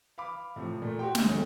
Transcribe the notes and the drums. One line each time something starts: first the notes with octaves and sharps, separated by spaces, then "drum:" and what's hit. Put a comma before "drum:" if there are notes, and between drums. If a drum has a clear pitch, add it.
F5 B5 D6
A2 C3 F3
A#2 A3
F#4 G4 G5 C6
D2 G#5, drum: snare
D2 G3 G#3 C#5